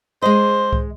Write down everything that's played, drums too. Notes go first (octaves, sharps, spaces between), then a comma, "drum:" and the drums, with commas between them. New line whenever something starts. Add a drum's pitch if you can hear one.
G#3 C5 D#5
drum: kick C2